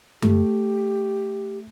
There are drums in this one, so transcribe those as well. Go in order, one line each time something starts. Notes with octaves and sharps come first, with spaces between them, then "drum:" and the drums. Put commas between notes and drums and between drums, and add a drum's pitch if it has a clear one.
A3 G4, drum: tom F#2